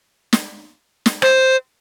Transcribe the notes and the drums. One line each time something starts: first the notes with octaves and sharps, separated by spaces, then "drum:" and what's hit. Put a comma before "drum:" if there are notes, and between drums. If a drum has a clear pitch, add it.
drum: snare
drum: snare
C5, drum: rim click